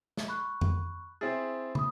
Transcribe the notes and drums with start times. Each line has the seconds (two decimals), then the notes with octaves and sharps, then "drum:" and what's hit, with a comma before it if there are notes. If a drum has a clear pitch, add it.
0.17 drum: snare
0.28 B5 C#6 F#6
0.61 drum: tom F2
1.21 C4 E4 G#4 A6
1.75 B5 D#6, drum: tom